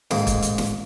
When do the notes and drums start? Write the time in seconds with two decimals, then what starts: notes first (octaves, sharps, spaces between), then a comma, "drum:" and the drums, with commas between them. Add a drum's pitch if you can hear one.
0.11 A1 G#2 D#3 A#3, drum: snare
0.27 drum: kick, hi-hat
0.42 drum: hi-hat
0.58 drum: snare